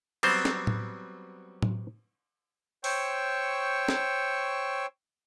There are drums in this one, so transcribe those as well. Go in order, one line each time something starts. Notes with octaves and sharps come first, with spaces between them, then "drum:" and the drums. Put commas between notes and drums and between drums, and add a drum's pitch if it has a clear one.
F#3 G3 B3 C4 C5, drum: cymbal
drum: snare
drum: tom A2
drum: tom A2
C5 C#5 G5 C#6 E6, drum: open hi-hat
drum: snare